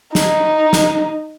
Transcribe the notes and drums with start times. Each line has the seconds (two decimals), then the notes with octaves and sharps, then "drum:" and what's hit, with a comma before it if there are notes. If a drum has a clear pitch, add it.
0.15 D#4, drum: snare
0.73 drum: snare